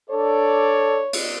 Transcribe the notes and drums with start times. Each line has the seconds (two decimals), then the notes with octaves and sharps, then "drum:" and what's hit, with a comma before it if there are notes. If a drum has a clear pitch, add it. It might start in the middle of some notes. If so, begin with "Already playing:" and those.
0.10 D4 A4 C#5 D5
1.13 drum: cymbal